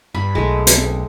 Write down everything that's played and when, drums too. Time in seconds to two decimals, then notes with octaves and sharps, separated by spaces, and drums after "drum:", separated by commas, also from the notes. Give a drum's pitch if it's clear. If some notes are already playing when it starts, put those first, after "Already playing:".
0.15 G2 B5
0.35 B1 G#3 A3
0.67 drum: hi-hat